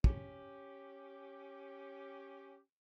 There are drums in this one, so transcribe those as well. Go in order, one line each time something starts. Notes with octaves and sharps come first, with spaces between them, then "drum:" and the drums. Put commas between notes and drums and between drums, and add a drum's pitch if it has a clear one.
C#4 G4, drum: kick